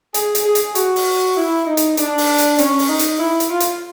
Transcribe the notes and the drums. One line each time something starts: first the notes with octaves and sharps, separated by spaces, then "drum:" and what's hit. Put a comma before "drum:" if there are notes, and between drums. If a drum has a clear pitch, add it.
G#4, drum: hi-hat
drum: hi-hat
G#4
drum: hi-hat
F#4, drum: hi-hat
drum: open hi-hat
E4
D#4
drum: hi-hat
D4, drum: hi-hat
drum: open hi-hat
drum: hi-hat
C#4, drum: hi-hat
drum: open hi-hat
D#4
drum: hi-hat
E4
drum: hi-hat
F4
drum: hi-hat